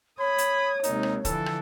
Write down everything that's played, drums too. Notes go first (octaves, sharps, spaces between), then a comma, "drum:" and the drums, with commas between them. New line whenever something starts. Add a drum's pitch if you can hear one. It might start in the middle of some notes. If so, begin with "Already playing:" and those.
C#5 B5 D#6 G#6
drum: hi-hat
D#2 C3 G#3 D#4, drum: hi-hat
drum: rim click
D3 E3 F3 A4, drum: kick, hi-hat
drum: rim click